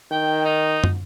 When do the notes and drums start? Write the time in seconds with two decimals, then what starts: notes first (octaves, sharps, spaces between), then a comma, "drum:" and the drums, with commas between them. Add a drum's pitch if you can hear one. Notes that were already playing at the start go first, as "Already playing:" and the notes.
0.11 D#3 G5
0.45 D#4
0.84 drum: tom